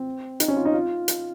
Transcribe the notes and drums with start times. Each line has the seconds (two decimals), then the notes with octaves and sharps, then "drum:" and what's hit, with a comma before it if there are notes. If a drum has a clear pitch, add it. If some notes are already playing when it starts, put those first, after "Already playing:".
Already playing: C4
0.40 D#4, drum: hi-hat
0.48 C#4
0.57 F4
0.65 D#4
0.74 F4
1.08 drum: hi-hat